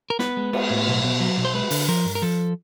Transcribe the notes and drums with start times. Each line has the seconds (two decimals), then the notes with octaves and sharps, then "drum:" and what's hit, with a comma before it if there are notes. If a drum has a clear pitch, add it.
0.10 A#4
0.19 B3 B4, drum: snare
0.37 G#3
0.53 B3, drum: cymbal
0.70 A2
0.88 B1
1.04 B2
1.20 F#3
1.37 B1
1.45 C5
1.54 G#3 B4
1.71 D3, drum: open hi-hat
1.88 F3 A#4
2.05 G2
2.15 A#4
2.22 F3 A4